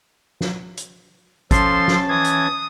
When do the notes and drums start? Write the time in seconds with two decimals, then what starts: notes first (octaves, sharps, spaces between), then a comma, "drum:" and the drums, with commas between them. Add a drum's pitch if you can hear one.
0.41 drum: snare
0.77 drum: hi-hat
1.51 F3 C#4 A4 A5 C6, drum: kick, hi-hat
1.88 drum: snare
2.09 E3 D#6 G#6
2.24 drum: hi-hat